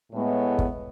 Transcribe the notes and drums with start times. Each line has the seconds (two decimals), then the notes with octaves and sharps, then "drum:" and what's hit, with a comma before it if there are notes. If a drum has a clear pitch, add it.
0.13 A2 G#3 B3
0.59 drum: kick